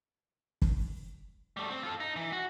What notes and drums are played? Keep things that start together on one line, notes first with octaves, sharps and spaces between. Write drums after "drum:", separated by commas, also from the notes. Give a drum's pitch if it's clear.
drum: kick F#1
G3 A3
C4
F4 A4
D#4
E3
F#4